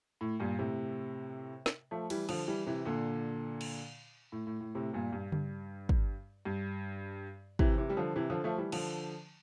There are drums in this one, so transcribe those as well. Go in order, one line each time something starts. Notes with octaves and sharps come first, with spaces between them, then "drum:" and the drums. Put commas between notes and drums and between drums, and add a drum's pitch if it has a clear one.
A2
G2 A#2
A2 C3
drum: snare
F3 A3
E3 G3, drum: cymbal
D3 F3, drum: cymbal
E3 G3
C3 E3
A#2 D3
drum: cymbal
A2
A2
A2
A2 C3
G2 A#2
G2
G2, drum: tom C#3
drum: kick
G2
C3 E3, drum: kick
C3 E3
G3
D3 F3
C3 E3
D3 F3
F3 A3
E3 G3
D3 F3, drum: cymbal